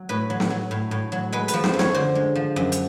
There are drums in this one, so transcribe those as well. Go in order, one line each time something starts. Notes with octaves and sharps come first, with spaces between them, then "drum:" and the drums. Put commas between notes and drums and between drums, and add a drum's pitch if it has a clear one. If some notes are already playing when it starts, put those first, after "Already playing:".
Already playing: F#3
A2 B4
F#3
drum: snare
F#3
A2
A2
F#3
G#3 B4
B4, drum: hi-hat
F3
C5, drum: snare
F#2
C#5, drum: snare
D3 C5
G#3
F3
F#2
drum: hi-hat